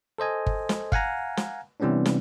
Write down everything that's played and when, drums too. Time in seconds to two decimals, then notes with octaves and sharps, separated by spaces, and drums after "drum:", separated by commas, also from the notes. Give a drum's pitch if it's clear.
0.18 A4 C5 D#5 G#5
0.46 drum: kick G1
0.69 drum: snare
0.92 F5 F#5 G#5 A#5, drum: kick G1
1.37 drum: snare
1.80 C3 E3 G3 B3 C#4 D4
2.06 drum: snare